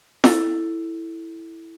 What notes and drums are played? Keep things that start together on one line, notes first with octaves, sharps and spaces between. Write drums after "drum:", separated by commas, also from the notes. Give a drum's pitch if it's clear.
E4 A4, drum: snare F4